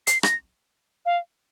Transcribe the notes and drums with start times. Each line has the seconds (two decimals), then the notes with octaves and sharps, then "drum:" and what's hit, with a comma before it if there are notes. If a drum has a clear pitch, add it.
0.07 C7, drum: hi-hat
0.23 A#6, drum: rim click
1.06 F5